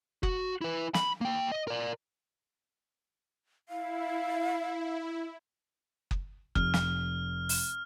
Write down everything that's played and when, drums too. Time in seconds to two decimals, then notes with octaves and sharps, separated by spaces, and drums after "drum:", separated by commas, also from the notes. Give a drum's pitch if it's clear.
0.23 F#4, drum: kick F#1
0.61 E4 B4
0.94 B5, drum: snare
1.21 A#3 G5
1.52 D#5
1.68 A#4 D5
3.69 E4 F5
6.11 drum: kick F#1
6.55 F1 F6, drum: kick F#1
6.74 drum: snare
7.49 drum: open hi-hat